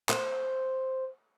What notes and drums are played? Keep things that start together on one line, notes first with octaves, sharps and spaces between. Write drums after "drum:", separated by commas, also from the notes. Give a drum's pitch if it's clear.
C5, drum: clap